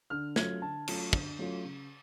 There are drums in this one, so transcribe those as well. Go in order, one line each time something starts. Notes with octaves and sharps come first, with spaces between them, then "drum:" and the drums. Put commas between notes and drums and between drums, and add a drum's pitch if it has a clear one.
D3 F6
F#3 A3 C#4 F4 G#6, drum: snare
D3 A5
F#3 A3 C#4 F4, drum: cymbal
D3, drum: kick
F#3 A3 C#4 F4
C#3